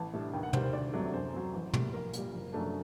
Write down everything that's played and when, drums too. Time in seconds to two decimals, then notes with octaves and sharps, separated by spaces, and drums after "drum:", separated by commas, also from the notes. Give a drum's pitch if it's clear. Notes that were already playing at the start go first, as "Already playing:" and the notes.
Already playing: A1 A5
0.13 A2 G3 D4
0.33 D#2 G5
0.43 F#5
0.53 D#3 G3 C5, drum: tom
0.63 C5
0.73 D2 D5
0.93 C3 F#3 A3 D4
1.13 F#2 C5
1.33 F#3 C4
1.54 A1
1.74 A2 G3 A#3, drum: tom
1.93 A#1 A#4
2.13 A#2 G3, drum: hi-hat
2.33 F#1
2.53 F#2 F#3 A3 D4